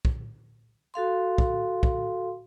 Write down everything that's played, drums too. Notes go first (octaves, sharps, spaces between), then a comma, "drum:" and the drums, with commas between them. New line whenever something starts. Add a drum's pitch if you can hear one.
drum: kick
F#4 A4 F5 C6
drum: kick
drum: kick